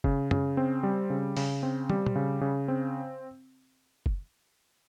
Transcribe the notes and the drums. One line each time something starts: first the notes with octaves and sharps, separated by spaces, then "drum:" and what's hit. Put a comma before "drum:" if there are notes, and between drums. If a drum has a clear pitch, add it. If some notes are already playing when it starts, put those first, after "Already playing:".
C#3, drum: kick F#1
C#3, drum: tom
C4
G3
C#3
C#3, drum: open hi-hat
C4
G3, drum: tom
drum: tom
C#3
C#3
C4
drum: kick F#1